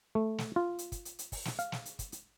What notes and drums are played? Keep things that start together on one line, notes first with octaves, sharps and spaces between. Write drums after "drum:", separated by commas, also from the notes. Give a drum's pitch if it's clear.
A3
drum: snare
F4
drum: hi-hat
drum: kick, hi-hat
drum: hi-hat
drum: hi-hat
drum: kick, open hi-hat
drum: snare
F5, drum: hi-hat
drum: snare
drum: hi-hat
drum: kick, hi-hat
drum: hi-hat